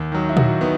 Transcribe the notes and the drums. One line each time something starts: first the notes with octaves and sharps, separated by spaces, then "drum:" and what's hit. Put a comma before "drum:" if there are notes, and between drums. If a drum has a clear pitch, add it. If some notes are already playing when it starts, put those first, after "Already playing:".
Already playing: D#2
D#3 F#3
E4
D#2 F#4, drum: tom A#2
D#3 B3